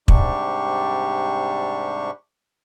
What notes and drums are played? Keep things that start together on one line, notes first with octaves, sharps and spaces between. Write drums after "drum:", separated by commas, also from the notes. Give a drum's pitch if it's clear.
G#2 C3 G3 D4 G4 C#6, drum: kick